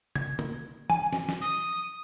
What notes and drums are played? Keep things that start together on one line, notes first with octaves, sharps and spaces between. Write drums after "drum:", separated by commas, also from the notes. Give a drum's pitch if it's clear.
G#6, drum: tom C3
drum: tom
G#5, drum: tom E3
drum: snare
drum: snare
D#6